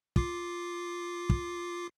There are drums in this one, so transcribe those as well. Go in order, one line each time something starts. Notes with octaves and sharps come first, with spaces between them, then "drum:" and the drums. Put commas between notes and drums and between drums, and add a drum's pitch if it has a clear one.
F4 D6 C7, drum: kick
drum: kick